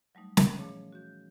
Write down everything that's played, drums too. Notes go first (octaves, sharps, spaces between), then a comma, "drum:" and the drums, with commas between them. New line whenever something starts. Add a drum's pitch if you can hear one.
F#3 G3 A3 D#4
D#3 E3 C#4, drum: snare
A#2 F3 A3 G#4 C#5
F#4 G6